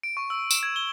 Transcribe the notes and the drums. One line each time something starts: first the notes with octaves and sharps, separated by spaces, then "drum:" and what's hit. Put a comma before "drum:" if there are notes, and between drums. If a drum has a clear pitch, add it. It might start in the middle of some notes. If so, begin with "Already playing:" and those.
D7
C#6
E6
E7, drum: tambourine
G#6
G7